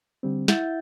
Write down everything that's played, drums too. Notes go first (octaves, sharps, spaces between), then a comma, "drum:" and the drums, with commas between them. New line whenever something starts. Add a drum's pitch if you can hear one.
D3 G3 C4
E4 E5 F#5 G6 A6, drum: snare